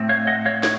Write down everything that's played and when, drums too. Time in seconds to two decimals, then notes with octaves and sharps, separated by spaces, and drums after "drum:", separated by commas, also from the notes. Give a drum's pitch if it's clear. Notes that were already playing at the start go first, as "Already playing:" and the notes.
Already playing: A2 A3 C4
0.09 C#5 F5
0.27 D#5 F#5
0.45 C#5 F5
0.63 C#5, drum: snare